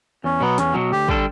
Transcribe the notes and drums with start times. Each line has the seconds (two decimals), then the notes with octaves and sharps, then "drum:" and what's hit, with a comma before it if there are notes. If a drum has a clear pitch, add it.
0.24 E2 C#4
0.41 B2 F#3 B3
0.58 E2 C#4, drum: snare
0.74 B2 F#3
0.91 D2 G4
1.08 D3 G3 D4 A4, drum: kick